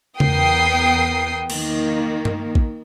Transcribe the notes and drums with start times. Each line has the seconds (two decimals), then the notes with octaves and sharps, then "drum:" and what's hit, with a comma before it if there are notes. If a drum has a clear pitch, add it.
0.20 E2 B3 A#4 G5 D#6 C7, drum: tom C#3
1.50 D#3 A#3, drum: cymbal
2.25 drum: tom G2
2.55 drum: kick